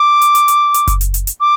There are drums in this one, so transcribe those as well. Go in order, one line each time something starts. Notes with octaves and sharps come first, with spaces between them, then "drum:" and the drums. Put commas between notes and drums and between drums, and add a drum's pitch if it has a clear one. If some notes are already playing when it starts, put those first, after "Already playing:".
Already playing: D6
drum: hi-hat
drum: hi-hat
drum: hi-hat
drum: hi-hat
drum: kick F#1, hi-hat
drum: hi-hat
drum: hi-hat
drum: hi-hat
D6